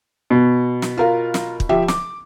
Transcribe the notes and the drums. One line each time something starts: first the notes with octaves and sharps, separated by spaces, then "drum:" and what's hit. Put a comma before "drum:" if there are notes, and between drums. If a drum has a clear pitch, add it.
B2
drum: snare
F4 A#4 F5
drum: snare
drum: kick
F3 G4 E5
D6, drum: snare